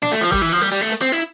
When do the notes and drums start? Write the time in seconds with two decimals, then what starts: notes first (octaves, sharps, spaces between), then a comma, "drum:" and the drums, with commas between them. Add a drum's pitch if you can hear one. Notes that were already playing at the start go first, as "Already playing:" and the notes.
0.02 D4, drum: snare
0.12 A3
0.21 F3
0.32 G3, drum: kick, hi-hat
0.41 E3
0.52 F3
0.61 G3, drum: hi-hat
0.72 G3
0.81 A3
0.92 drum: hi-hat
1.02 C4
1.12 E4